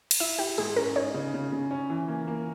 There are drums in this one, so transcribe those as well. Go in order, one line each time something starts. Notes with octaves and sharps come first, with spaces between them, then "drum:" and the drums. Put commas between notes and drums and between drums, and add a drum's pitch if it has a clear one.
drum: cymbal
E4 E5
E4 G4
G#2 G#4
C#4 A#4
D#4 C#5
C#3
C#3
C#3
C#4
E3
A#3
A#3